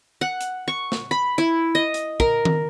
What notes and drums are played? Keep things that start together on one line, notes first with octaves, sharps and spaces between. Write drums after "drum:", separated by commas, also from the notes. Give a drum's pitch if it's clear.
F#5
drum: hi-hat
C#6
drum: snare
B5
E4
D#5
drum: hi-hat
A#4, drum: kick
drum: tom D#3